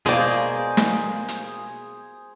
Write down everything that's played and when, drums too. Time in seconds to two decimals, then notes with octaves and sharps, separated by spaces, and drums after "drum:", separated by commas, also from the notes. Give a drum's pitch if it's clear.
0.06 B2 G#3 A#3 F4 G#4 C5 D5, drum: hi-hat
0.77 drum: snare
1.29 drum: hi-hat